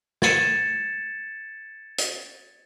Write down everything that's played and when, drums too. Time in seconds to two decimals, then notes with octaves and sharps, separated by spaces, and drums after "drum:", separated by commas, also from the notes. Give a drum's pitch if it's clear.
0.22 G#6 A6 C#7 D#7 E7, drum: snare
1.98 drum: hi-hat